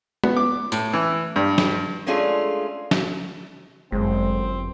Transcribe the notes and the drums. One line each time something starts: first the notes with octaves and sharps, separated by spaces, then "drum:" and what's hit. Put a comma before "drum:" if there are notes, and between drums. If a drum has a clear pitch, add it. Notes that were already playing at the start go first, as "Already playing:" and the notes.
B3, drum: tom
D6
A2, drum: tambourine
E3
G2
drum: snare
G#3 A3 C#4 D4 F4 G#4
drum: snare
G1 F#2 G#3 C4